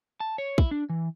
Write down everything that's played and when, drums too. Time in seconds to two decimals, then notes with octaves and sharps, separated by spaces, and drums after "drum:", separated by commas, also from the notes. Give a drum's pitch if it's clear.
0.20 A5
0.38 C#5
0.58 E4, drum: kick
0.71 D4
0.90 E3